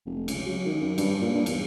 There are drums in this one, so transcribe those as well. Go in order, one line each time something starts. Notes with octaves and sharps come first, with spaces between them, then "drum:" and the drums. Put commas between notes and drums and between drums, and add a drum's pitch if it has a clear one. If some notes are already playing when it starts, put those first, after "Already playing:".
F1
C#2, drum: cymbal
F#3
D#3
F#2
G2, drum: cymbal
A#2
G2
E2, drum: cymbal